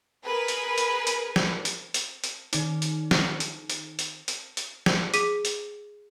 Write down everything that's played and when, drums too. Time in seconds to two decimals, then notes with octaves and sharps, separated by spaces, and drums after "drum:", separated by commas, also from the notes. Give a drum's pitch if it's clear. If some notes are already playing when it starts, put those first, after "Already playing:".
0.25 G#4 A#4 B4
0.48 drum: hi-hat
0.78 drum: hi-hat
1.07 drum: hi-hat
1.36 drum: snare
1.65 drum: hi-hat
1.94 drum: hi-hat
2.24 drum: hi-hat
2.53 D#3 D#4, drum: hi-hat
2.82 drum: hi-hat
3.11 drum: snare
3.40 drum: hi-hat
3.70 drum: hi-hat
3.99 drum: hi-hat
4.28 drum: hi-hat
4.57 drum: hi-hat
4.86 drum: snare
5.14 G#4 D6 B6 D#7, drum: hi-hat
5.45 drum: hi-hat